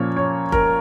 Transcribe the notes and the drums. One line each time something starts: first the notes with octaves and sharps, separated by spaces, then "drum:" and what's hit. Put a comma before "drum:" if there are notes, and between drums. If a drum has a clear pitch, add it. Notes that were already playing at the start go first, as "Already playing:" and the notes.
Already playing: A#2 F3 A#3 C#4 C#5
C#5
A#4, drum: kick F1